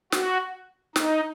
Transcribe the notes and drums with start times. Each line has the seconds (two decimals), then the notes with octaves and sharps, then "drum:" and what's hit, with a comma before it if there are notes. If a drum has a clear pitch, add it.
0.12 F#4, drum: snare
0.96 D#4, drum: snare